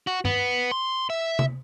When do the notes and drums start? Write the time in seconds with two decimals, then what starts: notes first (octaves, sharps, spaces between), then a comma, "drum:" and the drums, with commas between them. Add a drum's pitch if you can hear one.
0.07 F#4
0.25 B3, drum: tom G2
0.71 C6
1.10 E5
1.39 drum: tom C3